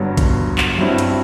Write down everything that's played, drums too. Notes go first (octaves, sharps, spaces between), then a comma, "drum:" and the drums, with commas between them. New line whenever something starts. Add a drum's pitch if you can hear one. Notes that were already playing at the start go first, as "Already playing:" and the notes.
Already playing: G1 G2 F#3 B3
drum: kick A#1, hi-hat
drum: clap
G2 F#3 C4 E4
drum: hi-hat